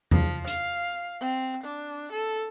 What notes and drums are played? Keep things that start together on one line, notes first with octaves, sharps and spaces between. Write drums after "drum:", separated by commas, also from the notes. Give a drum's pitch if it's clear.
F3, drum: tom E2
F5, drum: hi-hat
C4
D4
A4